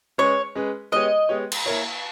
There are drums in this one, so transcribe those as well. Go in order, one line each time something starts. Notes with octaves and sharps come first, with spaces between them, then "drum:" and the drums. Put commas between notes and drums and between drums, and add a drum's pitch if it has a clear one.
G#3 C#4 G#4 B4 C#5
G#3 C#4 G#4 B4
G#3 B3 G4 C#5 D#5
G#3 B3 G4 C#5
drum: cymbal
A#3 E4 A#4 C#5